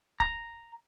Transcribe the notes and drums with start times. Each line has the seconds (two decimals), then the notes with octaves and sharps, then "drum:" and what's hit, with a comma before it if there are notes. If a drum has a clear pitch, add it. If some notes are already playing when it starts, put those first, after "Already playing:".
0.20 A#5, drum: kick